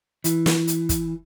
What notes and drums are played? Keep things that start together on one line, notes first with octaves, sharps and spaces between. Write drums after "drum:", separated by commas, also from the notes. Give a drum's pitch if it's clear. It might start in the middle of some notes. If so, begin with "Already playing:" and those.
E3, drum: hi-hat
drum: snare
drum: hi-hat
drum: kick, hi-hat